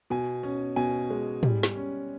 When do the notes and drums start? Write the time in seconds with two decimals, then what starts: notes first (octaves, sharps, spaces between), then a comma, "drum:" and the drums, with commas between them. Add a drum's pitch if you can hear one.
0.10 B2 G#5
0.43 C#4
0.76 B2 G#5
1.10 G#3
1.43 G3, drum: tom
1.63 drum: snare
1.76 C#4